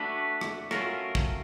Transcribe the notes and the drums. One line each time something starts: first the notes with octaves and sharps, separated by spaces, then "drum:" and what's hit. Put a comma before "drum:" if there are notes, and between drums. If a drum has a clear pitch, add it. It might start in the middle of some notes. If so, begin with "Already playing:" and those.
Already playing: A3 D4 F#4 B4
drum: rim click
F#3 A3 C#4 F4 A#4, drum: rim click
drum: kick